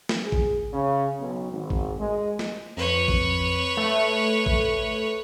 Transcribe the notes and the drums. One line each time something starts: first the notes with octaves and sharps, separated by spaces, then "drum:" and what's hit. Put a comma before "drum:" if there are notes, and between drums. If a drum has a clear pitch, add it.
drum: snare
G#4
drum: kick A1
C#3
B1
G#1
drum: kick A1
G#3
drum: snare
F2 B4 C#5
drum: kick A1
A3
drum: kick A1